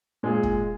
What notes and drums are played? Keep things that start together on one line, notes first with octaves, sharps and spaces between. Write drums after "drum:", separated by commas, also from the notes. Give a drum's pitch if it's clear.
A#2 G#3 F4
drum: kick